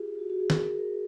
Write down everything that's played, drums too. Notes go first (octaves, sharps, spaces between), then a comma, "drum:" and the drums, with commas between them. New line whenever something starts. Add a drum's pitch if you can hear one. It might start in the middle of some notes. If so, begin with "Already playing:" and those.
Already playing: F4 G4 G#4
F#4
F#4
G#4
drum: snare
A#4
A#4